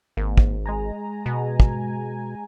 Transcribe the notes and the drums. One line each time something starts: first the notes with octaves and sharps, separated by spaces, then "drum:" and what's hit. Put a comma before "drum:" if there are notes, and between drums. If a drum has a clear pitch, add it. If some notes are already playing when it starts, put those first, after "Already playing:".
G#1 A#3
drum: kick
G#3 G#5 A#5
B2
drum: kick